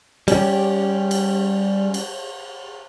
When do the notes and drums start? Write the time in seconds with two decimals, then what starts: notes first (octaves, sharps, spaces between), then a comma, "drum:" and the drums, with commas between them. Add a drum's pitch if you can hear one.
0.28 G3 C#4 G4, drum: cymbal
1.11 drum: cymbal
1.94 drum: cymbal